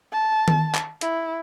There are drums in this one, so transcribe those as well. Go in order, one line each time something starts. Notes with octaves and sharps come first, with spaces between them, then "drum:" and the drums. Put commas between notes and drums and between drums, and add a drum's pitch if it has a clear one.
A5
drum: tom D#3
drum: clap
E4, drum: hi-hat